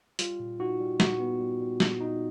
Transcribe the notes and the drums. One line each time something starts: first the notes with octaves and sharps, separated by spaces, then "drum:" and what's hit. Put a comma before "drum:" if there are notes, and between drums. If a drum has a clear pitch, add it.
G3 F4, drum: hi-hat
A#2
D#4 F#4
G3
A#2 F#4, drum: snare
B3
G3
G3
A#2, drum: snare
D#4